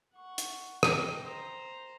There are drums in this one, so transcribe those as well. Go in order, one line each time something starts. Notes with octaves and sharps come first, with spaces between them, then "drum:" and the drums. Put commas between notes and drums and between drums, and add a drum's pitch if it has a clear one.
F#5 C#6
drum: hi-hat
D#5 G5, drum: rim click
C5 A#5